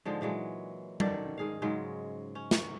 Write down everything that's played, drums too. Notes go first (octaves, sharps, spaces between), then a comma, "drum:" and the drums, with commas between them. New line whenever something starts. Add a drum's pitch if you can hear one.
G#2 D3 F3 G#3
A#2 E3 F#3 G#3
D#3 F#3 A4 D5, drum: tom G3
G#2 G#4 F5
G#2 C#3 F#3 G#3
C#4
drum: snare